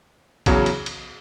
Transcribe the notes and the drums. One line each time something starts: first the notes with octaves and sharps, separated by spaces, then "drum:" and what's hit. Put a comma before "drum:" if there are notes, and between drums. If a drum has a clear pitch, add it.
E2 C#3 F#3, drum: kick A#1, cymbal
drum: cymbal
drum: cymbal